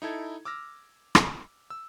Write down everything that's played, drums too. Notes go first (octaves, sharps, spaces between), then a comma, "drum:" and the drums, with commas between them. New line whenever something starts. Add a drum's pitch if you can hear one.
D#4 E4 A4 G#6
D6 E6 F6 A#6
drum: rim click
E6